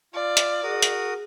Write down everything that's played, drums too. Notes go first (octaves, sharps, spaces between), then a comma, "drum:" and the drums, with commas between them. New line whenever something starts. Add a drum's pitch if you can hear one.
F4 D5
drum: hi-hat
F#4 G#4 A#4 D#6
drum: hi-hat